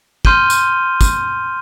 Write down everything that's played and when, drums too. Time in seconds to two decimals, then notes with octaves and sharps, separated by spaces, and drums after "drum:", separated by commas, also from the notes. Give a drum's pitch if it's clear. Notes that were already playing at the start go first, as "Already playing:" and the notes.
0.25 C6 F6 G6 D#7 G7, drum: kick
0.50 drum: tambourine
1.01 drum: kick, tambourine